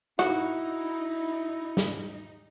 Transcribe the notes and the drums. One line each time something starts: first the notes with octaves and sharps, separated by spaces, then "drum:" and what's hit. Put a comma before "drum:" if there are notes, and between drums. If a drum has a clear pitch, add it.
D#4 E4 F#4, drum: rim click
drum: snare